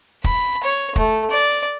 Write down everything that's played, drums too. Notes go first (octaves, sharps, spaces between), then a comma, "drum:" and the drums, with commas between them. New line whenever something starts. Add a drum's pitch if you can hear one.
B5, drum: kick
C#5
A3, drum: kick
D5